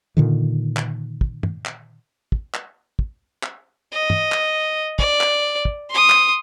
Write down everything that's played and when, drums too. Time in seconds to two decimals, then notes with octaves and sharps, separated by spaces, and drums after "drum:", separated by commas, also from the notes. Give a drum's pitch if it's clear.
0.17 A#2 D3 D#3
0.77 drum: clap
1.21 drum: kick
1.43 drum: tom
1.66 drum: clap
2.32 drum: kick
2.54 drum: clap
2.99 drum: kick
3.43 drum: clap
3.93 D#5
4.10 drum: tom
4.32 drum: clap
4.99 D5, drum: kick
5.21 drum: clap
5.65 drum: kick
5.90 C6 D#6
6.10 drum: clap